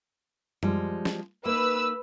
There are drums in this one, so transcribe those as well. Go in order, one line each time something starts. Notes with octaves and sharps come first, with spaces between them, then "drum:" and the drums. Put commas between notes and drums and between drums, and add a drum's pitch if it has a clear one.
F3 G3 G#3, drum: tom F#2
drum: snare
A#3 D#4 B4 E6